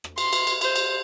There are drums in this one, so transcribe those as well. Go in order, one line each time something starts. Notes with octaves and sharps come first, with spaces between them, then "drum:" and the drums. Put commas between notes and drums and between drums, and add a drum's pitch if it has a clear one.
drum: rim click
C6, drum: cymbal
drum: cymbal
drum: cymbal
C5, drum: cymbal
drum: cymbal